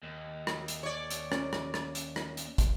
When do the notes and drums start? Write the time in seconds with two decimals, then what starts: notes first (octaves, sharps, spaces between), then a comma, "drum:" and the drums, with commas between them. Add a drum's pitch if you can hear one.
0.03 D#2
0.47 drum: rim click
0.68 drum: hi-hat
0.83 C#5 D5
1.10 drum: hi-hat
1.32 C#4, drum: rim click
1.53 drum: rim click
1.74 drum: rim click
1.95 drum: hi-hat
2.16 drum: rim click
2.37 drum: hi-hat
2.58 drum: kick, hi-hat